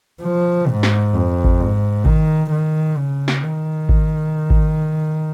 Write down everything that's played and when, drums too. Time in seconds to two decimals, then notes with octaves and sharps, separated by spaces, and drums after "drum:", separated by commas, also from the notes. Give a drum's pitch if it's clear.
0.22 F3
0.68 G#2
0.83 drum: snare
1.13 F2
1.44 drum: kick G#1
1.60 G#2
2.05 D#3, drum: kick G#1
2.51 D#3
2.97 C#3
3.28 drum: snare
3.43 D#3
3.89 drum: kick G#1
4.50 drum: kick G#1